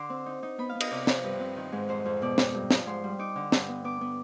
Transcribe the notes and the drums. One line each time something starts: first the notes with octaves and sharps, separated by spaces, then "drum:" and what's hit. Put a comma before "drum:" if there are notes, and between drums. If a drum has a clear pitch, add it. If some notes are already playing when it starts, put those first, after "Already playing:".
Already playing: D3 C6 D6
C4
D#4
D#4
B3 B5
F5
B3
D#5, drum: cymbal
C3 D5
F3 C5, drum: snare
G2 B4
C4
D#3
G#2
F2 C5
F2
B2 D5
D#4, drum: snare
G2
F3, drum: snare
G#2 C6
G3
D#4 D6
D3
G2, drum: snare
B3
B3 D6
B3